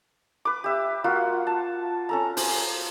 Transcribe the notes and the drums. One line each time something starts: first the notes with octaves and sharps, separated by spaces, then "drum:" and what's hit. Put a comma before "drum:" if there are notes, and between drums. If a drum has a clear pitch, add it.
B4 D6
G4 E5
A#3 F4 F#4
A5
C#4 A4 A#5
C5, drum: open hi-hat